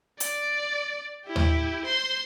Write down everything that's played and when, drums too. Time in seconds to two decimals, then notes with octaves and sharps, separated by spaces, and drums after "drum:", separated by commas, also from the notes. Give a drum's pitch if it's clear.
0.20 D5, drum: hi-hat
1.26 E4 G4
1.36 drum: tom D#2
1.85 C5 C6